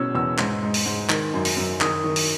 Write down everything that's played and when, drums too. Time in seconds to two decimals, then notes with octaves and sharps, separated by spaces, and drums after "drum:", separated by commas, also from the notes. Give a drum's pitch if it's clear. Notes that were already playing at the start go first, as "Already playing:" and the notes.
Already playing: B2 C#4 E6
0.15 E2 E6
0.38 G#2, drum: clap
0.63 G#2
0.74 drum: open hi-hat
0.86 G#2
1.09 D#3, drum: clap
1.34 F#2
1.45 drum: open hi-hat
1.57 F#2
1.81 D#3 D#6, drum: clap
2.04 D#3
2.16 drum: open hi-hat